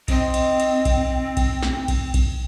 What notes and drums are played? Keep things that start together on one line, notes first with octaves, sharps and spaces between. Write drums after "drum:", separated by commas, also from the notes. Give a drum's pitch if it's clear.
C4 D#4 C5 D#5, drum: kick A#1, cymbal
drum: cymbal
drum: cymbal
drum: kick A#1, cymbal
drum: kick A#1, cymbal
drum: snare
drum: kick A#1, cymbal
drum: kick A#1, cymbal